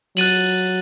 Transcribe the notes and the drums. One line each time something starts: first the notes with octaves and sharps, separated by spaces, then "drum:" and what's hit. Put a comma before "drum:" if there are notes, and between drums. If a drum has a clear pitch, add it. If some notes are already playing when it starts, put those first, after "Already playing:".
F#3 F#6 A6 D#7 F#7, drum: open hi-hat